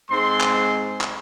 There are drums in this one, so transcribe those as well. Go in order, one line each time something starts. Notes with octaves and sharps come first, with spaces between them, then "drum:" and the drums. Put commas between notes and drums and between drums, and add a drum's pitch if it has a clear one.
G#2 G#3 C4 C6
drum: clap
drum: clap